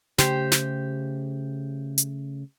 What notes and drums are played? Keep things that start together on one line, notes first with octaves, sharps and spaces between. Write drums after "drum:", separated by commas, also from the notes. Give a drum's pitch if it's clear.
C#3 A3 G4 C5, drum: snare
drum: snare
drum: hi-hat